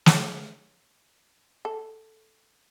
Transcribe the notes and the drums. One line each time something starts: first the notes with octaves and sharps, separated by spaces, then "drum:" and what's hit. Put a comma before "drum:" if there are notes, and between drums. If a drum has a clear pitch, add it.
C#5, drum: snare
A4